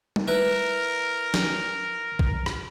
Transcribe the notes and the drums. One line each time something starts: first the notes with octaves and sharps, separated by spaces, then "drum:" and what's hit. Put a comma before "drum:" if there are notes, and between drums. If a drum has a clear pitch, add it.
drum: tom G3
E4 A#4 B4
drum: snare
drum: kick A#1
drum: rim click